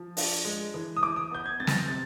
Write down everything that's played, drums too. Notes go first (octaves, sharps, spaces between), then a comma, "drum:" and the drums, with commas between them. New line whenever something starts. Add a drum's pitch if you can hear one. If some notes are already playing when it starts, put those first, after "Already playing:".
Already playing: F3
D4, drum: open hi-hat
G#3
E3
D#6
E3 D6
D#6
B3 G6
G#6
C4 A6
A#6, drum: snare
A6
C3 A6